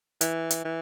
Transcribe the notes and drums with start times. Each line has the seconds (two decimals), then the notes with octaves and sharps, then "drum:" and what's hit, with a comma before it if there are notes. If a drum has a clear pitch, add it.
0.21 E3, drum: hi-hat
0.51 drum: hi-hat
0.65 E3